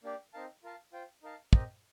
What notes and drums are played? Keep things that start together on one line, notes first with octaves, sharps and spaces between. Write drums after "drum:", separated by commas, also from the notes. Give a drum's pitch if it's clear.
A#3 D4 G4 D5
C4 D#4 A#4 F5 A5
F4 A#4 F5 A5
F4 C5 G5
D#4 A#4 F5 A5
C4 G4 A#4 D#5, drum: kick